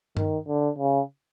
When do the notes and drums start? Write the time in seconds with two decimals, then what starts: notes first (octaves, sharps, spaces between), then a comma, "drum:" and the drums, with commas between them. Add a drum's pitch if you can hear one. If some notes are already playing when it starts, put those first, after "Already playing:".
0.17 D#3, drum: tom G2
0.48 D3
0.79 C#3